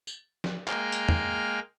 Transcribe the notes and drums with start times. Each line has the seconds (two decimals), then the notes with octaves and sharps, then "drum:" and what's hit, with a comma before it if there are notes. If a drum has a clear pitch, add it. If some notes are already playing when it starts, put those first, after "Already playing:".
0.07 drum: tambourine
0.44 drum: snare
0.68 G#3 A#3 G5 F6, drum: clap
0.92 drum: hi-hat
1.09 drum: tom